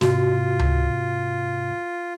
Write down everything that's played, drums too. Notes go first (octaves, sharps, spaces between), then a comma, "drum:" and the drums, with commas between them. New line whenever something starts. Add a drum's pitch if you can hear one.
G#2 C3 F4 F#4, drum: snare
drum: tom C#2